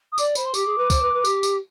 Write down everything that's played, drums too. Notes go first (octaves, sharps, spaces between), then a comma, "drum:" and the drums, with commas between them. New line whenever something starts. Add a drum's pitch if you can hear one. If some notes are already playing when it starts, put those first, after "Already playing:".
D#6
D5 D6, drum: tambourine
C5 B5, drum: tambourine
C6
G4 D6, drum: tambourine
G#4
B4
C5, drum: kick C#2, tambourine
B4
B4
G4, drum: tambourine
drum: tambourine